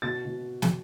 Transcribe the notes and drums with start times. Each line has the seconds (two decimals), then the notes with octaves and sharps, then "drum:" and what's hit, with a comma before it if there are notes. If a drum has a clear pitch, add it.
0.02 B2 A6
0.25 B2
0.62 drum: snare